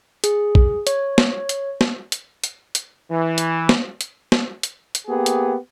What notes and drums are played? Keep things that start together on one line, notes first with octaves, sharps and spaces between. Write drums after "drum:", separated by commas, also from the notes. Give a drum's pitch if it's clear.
G#4, drum: hi-hat
drum: kick
C#5, drum: hi-hat
drum: snare
drum: hi-hat
drum: snare
drum: hi-hat
drum: hi-hat
drum: hi-hat
E3
drum: hi-hat
drum: snare
drum: hi-hat
drum: snare
drum: hi-hat
drum: hi-hat
A#3 B3 G4 G#4
drum: hi-hat